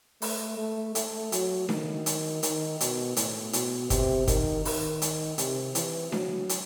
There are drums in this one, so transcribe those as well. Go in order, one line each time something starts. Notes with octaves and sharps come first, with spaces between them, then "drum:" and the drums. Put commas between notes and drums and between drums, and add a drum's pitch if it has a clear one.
A3, drum: open hi-hat
A3
A3, drum: hi-hat
F#3, drum: hi-hat
D#3, drum: snare D4
drum: hi-hat
D#3, drum: hi-hat
B2, drum: hi-hat
A2, drum: hi-hat
B2, drum: hi-hat
C3, drum: kick, hi-hat
D#3, drum: kick, hi-hat
D#3, drum: open hi-hat
drum: hi-hat
C3, drum: hi-hat
E3, drum: hi-hat
F#3, drum: snare D4
drum: hi-hat